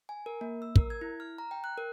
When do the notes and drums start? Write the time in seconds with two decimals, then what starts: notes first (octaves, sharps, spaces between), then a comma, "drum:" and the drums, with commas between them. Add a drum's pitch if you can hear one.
0.09 G#5
0.26 A#4
0.41 A#3
0.62 E6
0.76 A#4, drum: kick
0.90 G#6
1.01 E4
1.20 F6
1.38 A#5
1.51 G5
1.64 F#6
1.78 A#4